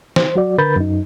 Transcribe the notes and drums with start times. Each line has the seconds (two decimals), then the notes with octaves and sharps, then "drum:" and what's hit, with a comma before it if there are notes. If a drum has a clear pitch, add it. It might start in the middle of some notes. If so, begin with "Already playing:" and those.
0.16 C5, drum: snare
0.35 F#3 F#4 D5
0.58 D3 A#4 B4 B5 G6 A6
0.76 F#2 D#4